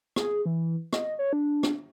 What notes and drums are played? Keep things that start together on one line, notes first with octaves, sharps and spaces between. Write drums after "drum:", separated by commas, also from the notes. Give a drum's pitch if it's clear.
G#4, drum: rim click
E3
D#5, drum: rim click
C#5
D4
drum: rim click